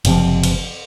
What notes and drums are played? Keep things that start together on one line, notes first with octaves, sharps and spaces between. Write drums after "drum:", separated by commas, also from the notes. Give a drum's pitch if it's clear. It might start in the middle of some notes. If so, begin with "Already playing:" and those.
F#1 C3 F3, drum: cymbal
drum: cymbal